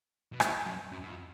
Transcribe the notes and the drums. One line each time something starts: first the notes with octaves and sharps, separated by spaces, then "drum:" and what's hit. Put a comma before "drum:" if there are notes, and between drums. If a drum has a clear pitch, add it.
B2
A#2, drum: rim click
F#2
F#2
F#2
F2